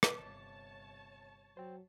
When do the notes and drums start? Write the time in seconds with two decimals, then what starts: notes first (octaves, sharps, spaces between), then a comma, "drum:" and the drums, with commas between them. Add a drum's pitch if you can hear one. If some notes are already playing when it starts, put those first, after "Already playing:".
0.03 drum: rim click
0.14 G1 C3 C#5 A5
1.57 F#3 C5 G5